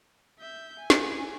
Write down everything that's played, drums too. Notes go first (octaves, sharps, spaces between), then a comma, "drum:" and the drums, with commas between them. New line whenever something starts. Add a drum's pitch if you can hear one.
E5 G6
G#5
drum: snare